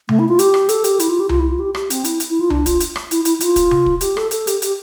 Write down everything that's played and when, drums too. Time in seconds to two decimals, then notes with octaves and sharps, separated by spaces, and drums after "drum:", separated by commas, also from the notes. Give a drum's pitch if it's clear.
0.09 A3, drum: tom C3
0.19 E4
0.29 F4
0.39 G4, drum: hi-hat
0.54 drum: rim click
0.69 A4, drum: hi-hat
0.84 G4, drum: hi-hat
1.00 E4, drum: hi-hat
1.09 F4
1.20 G4
1.29 F4, drum: tom C2
1.39 E4
1.49 F4
1.59 G4
1.75 G4, drum: rim click
1.90 C4, drum: hi-hat
2.05 E4, drum: hi-hat
2.20 drum: hi-hat
2.30 E4
2.40 F4
2.50 D4, drum: tom C2
2.66 F4, drum: kick, hi-hat
2.80 drum: hi-hat
2.96 drum: rim click
3.11 E4, drum: hi-hat
3.25 E4, drum: hi-hat
3.41 F4, drum: hi-hat
3.56 drum: kick, hi-hat
3.71 drum: tom C3
3.86 drum: kick
4.01 G4, drum: hi-hat
4.17 A4, drum: rim click
4.31 A4, drum: hi-hat
4.47 G4, drum: hi-hat
4.62 G4, drum: hi-hat